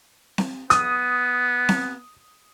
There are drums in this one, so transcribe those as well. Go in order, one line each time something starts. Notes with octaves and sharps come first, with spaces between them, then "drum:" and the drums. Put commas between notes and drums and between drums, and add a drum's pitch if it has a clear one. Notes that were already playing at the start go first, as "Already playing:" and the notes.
drum: snare C4
B3 D#6, drum: hi-hat
drum: snare C4